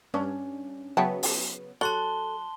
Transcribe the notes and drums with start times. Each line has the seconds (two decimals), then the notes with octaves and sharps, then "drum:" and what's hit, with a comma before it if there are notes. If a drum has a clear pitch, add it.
0.14 G2 C#4 D4
0.97 C#3 F#3 B3 E5 G5 A5
1.23 drum: open hi-hat
1.81 F#3 A4 A5 C6 F#6 G7